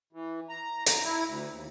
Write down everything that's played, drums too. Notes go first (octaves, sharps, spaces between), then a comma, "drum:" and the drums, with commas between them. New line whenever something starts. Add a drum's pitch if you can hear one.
E3
A#5
A#5, drum: hi-hat
E4
D2
D#2